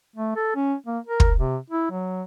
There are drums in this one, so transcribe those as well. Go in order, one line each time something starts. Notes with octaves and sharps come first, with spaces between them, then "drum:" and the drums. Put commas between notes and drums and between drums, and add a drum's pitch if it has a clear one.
A3
A4
C#4
A#3
A#4
drum: kick
C3
E4
F#3